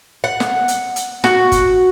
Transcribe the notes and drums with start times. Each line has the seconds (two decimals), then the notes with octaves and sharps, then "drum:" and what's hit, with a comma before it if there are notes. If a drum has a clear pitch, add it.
0.24 F#5
0.40 drum: snare
0.68 drum: hi-hat
0.96 drum: hi-hat
1.24 F#4, drum: snare
1.52 drum: kick G1, hi-hat